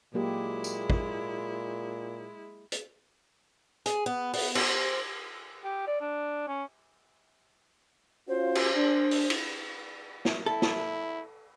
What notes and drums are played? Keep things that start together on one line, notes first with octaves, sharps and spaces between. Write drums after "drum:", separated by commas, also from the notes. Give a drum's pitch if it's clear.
A#2 F#3 G#3 A#3 E4 G4
drum: tambourine
drum: kick
drum: hi-hat
G#4, drum: hi-hat
B3
B3, drum: open hi-hat
C5, drum: cymbal
G4
D5
D4
C#4
C#4 F4 F#4 C5
drum: cymbal
D4
drum: open hi-hat
drum: cymbal
drum: snare
E4 A4
drum: snare